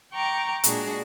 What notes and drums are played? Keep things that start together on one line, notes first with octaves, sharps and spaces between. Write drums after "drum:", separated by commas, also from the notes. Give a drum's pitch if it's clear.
G5 A#5 C#6 D6
A#2 G#3 D4 F#4 G#4, drum: hi-hat